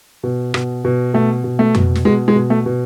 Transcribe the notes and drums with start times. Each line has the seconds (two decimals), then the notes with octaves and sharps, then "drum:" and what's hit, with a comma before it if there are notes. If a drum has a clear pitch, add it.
0.23 B2
0.54 B2, drum: rim click
0.85 B2
1.14 B2 A3
1.44 B2
1.59 A3
1.75 B2, drum: tom F2
1.95 drum: snare
2.05 B2 G#3
2.28 G#3
2.36 B2
2.50 A3
2.66 B2